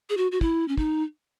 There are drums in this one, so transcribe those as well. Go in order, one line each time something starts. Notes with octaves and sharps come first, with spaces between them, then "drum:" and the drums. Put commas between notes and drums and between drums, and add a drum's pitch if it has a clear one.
G#4
F#4
F#4
E4, drum: kick
C#4
D#4, drum: kick